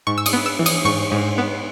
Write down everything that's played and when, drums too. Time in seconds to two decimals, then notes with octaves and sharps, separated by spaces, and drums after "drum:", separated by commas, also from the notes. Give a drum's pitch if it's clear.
0.07 G#2 C#6
0.18 E6
0.26 D#6, drum: cymbal
0.33 B3
0.46 E6
0.59 E3
0.66 D#6, drum: cymbal
0.85 G#2 C#6
1.12 G#2
1.38 B3